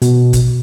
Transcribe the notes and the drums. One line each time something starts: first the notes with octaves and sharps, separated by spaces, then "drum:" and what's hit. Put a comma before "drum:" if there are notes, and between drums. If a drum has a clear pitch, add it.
B2, drum: hi-hat
drum: kick, hi-hat